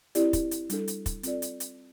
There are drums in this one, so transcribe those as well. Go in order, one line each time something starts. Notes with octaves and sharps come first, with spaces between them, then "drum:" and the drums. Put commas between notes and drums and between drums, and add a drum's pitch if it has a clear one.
C4 E4 G4 D5, drum: hi-hat
drum: kick, hi-hat
drum: hi-hat
G3 D4 A4, drum: hi-hat
drum: hi-hat
drum: kick, hi-hat
C4 F4 A4 D5, drum: hi-hat
drum: hi-hat
drum: hi-hat